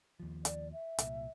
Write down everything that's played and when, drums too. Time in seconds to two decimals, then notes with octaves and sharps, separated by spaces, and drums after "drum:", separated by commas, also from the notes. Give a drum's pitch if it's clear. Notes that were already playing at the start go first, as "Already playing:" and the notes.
0.20 D#2 F3
0.45 D5, drum: hi-hat
0.73 E5
0.98 C2 A#2, drum: hi-hat